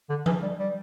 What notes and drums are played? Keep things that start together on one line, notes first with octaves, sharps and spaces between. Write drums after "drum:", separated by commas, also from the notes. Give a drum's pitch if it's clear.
D3
E3, drum: tom F3
G3
G3